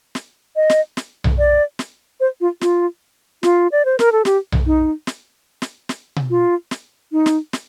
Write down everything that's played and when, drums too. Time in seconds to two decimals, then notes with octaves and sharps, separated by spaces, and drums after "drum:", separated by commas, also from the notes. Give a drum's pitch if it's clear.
0.15 drum: snare
0.56 D#5
0.70 drum: snare
0.97 drum: snare
1.24 drum: tom B1
1.38 D5
1.79 drum: snare
2.20 C5
2.41 F4
2.61 F4, drum: snare
3.43 F4, drum: snare
3.72 D5
3.85 C5
3.99 A#4, drum: snare
4.12 A4
4.25 G4, drum: snare
4.52 drum: tom B1
4.66 D#4
5.07 drum: snare
5.62 drum: snare
5.89 drum: snare
6.16 drum: tom B2
6.30 F4
6.71 drum: snare
7.12 D#4
7.26 drum: snare
7.53 drum: snare